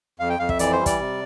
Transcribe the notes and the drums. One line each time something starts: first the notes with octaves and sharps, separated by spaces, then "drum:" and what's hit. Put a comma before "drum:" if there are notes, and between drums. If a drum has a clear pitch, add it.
F2 F5
G5
F2 F5
E5, drum: kick
E3 D5, drum: hi-hat
C5
G3
D5, drum: kick, hi-hat
C3